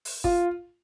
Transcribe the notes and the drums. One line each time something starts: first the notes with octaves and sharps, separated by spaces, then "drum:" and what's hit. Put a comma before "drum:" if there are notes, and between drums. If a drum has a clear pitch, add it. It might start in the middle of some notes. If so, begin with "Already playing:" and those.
drum: open hi-hat
F4, drum: kick G1